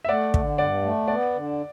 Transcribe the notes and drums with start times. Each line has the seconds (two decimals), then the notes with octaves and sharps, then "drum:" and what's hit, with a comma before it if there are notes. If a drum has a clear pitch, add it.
0.05 E5
0.08 A3 D5 F#5
0.34 D3, drum: kick
0.58 G2 D5 F#5
0.83 A3
1.07 B3 D5 F#5
1.34 D3